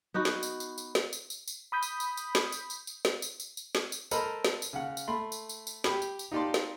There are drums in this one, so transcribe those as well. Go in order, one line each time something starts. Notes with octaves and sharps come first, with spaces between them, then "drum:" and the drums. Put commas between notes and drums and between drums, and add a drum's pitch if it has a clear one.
B3 D#4 F#4
drum: snare
drum: tambourine
drum: tambourine
drum: tambourine
drum: snare
drum: tambourine
drum: tambourine
drum: tambourine
B5 D#6 G6 B6
drum: tambourine
drum: tambourine
drum: tambourine
drum: snare
drum: tambourine
drum: tambourine
drum: tambourine
drum: snare
drum: tambourine
drum: tambourine
drum: tambourine
drum: snare
drum: tambourine
A4 A#4 C5 D#5 A#5 B5, drum: tambourine
drum: snare
drum: tambourine
C#3 F#5
drum: tambourine
A3 B5 C6
drum: tambourine
drum: tambourine
drum: tambourine
G4 B5, drum: snare
drum: tambourine
drum: tambourine
D#4 F4 G4 D5 A5 C6
drum: snare